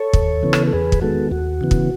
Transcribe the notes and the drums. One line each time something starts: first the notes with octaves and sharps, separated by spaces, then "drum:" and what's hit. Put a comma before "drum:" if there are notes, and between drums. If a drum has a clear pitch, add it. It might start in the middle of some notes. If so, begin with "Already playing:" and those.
Already playing: A4 C#5
D#2, drum: kick
C#3 E3 B3
drum: rim click
A4
E2 G#4 B4
drum: kick
D#3 G#3 B3 F#4 A4
D#2 F#4
C#3 E3 B3
drum: kick